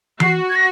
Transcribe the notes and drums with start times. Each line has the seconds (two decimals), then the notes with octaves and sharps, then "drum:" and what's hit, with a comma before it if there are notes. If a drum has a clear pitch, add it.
0.20 F#4 C7, drum: tom E3
0.49 G#6
0.55 A#6